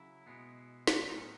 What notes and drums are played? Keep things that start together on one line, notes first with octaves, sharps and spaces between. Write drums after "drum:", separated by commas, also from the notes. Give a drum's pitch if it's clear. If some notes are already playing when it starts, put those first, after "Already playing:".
Already playing: C#3 F#3 E4
B2 G#3 B3
drum: snare
A2 F#3 B3 D#4
C#4